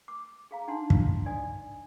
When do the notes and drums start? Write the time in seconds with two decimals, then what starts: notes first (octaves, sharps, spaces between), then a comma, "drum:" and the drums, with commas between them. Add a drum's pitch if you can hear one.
0.08 D6
0.51 G#4 F5 A#5
0.68 D4 D#4 F#5 A5 C6
0.90 drum: kick
1.26 D5 D#5 G#5 D#6